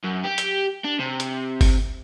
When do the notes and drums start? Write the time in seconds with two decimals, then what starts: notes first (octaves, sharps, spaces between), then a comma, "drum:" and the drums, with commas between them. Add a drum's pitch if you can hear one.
0.04 F#2
0.24 G4
0.38 drum: hi-hat
0.84 D4
0.99 C3
1.20 drum: hi-hat
1.61 drum: kick G1, open hi-hat